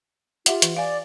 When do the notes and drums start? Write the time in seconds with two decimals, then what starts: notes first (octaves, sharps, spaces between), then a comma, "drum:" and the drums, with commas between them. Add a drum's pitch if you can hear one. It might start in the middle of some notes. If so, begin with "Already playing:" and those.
0.46 F4 G4 E5 F#5, drum: hi-hat
0.62 E3, drum: hi-hat
0.77 D5 F5 G#5